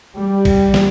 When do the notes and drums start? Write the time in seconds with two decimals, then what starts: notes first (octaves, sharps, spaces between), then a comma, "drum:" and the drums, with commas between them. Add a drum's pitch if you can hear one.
0.17 G3
0.45 drum: kick, cymbal
0.74 drum: snare